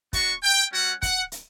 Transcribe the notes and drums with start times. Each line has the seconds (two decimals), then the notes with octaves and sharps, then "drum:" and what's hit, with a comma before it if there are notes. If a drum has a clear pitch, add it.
0.13 B3 D4 F#4 C#6, drum: kick, hi-hat
0.43 G5
0.73 G3 C#4 F#4 F#5
1.03 F#5, drum: kick, hi-hat
1.32 drum: hi-hat